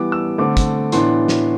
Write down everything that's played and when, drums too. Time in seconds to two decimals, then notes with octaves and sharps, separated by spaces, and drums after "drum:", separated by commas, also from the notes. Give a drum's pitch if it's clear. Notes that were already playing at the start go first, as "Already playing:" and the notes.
Already playing: E3 G3 B3 D6
0.12 E6
0.38 D3 A3 C4 D6
0.57 drum: kick, hi-hat
0.92 A2 E3 B3 D4 C6, drum: hi-hat
1.28 drum: snare